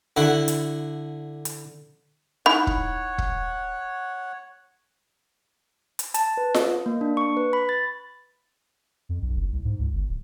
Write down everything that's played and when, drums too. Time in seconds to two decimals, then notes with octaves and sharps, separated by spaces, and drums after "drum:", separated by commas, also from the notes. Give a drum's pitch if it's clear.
0.17 D3 E4 F#4
0.48 drum: hi-hat
1.45 drum: hi-hat
2.46 D#4 E4 C#5 F#5 B5
2.67 drum: kick
3.18 drum: kick
5.99 drum: hi-hat
6.14 A5, drum: hi-hat
6.37 B4
6.54 D#5, drum: snare F4
6.86 A#3
7.01 D4
7.17 C#6
7.37 B4
7.53 B5
7.69 A6
9.09 F2
9.22 B1
9.36 F#1
9.52 C2
9.65 G#2
9.79 C#2
9.93 G1
10.09 D1